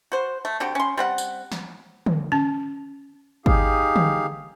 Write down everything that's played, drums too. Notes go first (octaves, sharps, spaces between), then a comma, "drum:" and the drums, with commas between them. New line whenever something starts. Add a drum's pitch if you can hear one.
F#4 C5
A3
D3 C4 F#4 G4
C#4 C6
G3 C4 F#5
drum: tambourine
drum: snare
drum: tom D3
C#4 A5
D#4 G4 G#4 F5, drum: kick G#1
drum: tom D3